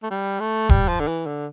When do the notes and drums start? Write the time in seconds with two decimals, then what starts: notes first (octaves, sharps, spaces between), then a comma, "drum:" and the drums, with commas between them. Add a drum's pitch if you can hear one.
0.03 A3
0.11 G3
0.40 A3
0.69 G3, drum: kick
0.88 F3
1.00 D3
1.08 E3
1.26 D3